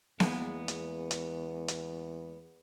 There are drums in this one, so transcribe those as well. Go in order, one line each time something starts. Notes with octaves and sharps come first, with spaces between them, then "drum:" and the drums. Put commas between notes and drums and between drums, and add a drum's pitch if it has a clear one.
E2 G#3 A#3 B3, drum: snare B3
drum: hi-hat
drum: hi-hat
drum: hi-hat